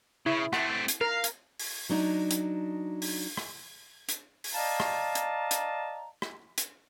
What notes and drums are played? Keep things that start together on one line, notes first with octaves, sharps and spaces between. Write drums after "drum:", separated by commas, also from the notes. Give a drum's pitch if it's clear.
C#3 E4
A3 C4 F#5, drum: rim click
drum: hi-hat
A#4 F5
drum: hi-hat
drum: open hi-hat
F#3 D4 D#4
drum: hi-hat
drum: open hi-hat
drum: rim click
drum: hi-hat
drum: open hi-hat
D5 D#5 F5 A5 A#5
drum: rim click
drum: hi-hat
drum: hi-hat
drum: rim click
drum: hi-hat